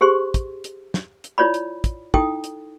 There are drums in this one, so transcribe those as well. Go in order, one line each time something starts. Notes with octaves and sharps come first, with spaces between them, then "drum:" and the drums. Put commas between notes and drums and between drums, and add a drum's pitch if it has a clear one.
G4 G#4 C5 C6
drum: kick, hi-hat
drum: hi-hat
drum: snare
drum: hi-hat
E4 F4 C#5 D5 B5
drum: hi-hat
drum: kick, hi-hat
D#4 E4 A4 G5 D#6, drum: kick
drum: hi-hat